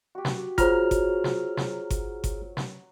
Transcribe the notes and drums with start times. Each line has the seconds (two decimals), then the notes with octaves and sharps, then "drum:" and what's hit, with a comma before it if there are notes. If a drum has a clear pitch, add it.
0.15 F#4 G4
0.25 drum: snare
0.58 F#3 F4 G#4 C5 A#5 F6, drum: kick G1, hi-hat
0.91 drum: kick G1, hi-hat
1.24 drum: snare
1.57 drum: snare
1.90 drum: kick G1, hi-hat
2.24 drum: kick G1, hi-hat
2.57 drum: snare